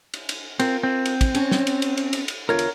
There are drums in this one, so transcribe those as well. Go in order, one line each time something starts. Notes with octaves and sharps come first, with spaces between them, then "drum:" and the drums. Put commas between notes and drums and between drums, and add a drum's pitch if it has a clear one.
drum: cymbal
drum: cymbal
C4 F4 A#4, drum: cymbal
C4
drum: cymbal
drum: kick, cymbal
C#4 C#5 A5, drum: cymbal
drum: snare
drum: cymbal
drum: cymbal
drum: cymbal
drum: cymbal
drum: cymbal
E2 D3 F4 A#4 C#5
drum: cymbal